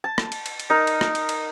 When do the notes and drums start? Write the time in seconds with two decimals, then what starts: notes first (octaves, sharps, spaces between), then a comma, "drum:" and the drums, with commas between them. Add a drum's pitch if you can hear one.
0.04 A5
0.18 drum: rim click
0.32 drum: cymbal
0.46 drum: cymbal
0.60 drum: cymbal
0.70 D#4 A#4
0.87 drum: cymbal
1.01 drum: rim click
1.15 drum: cymbal
1.29 drum: cymbal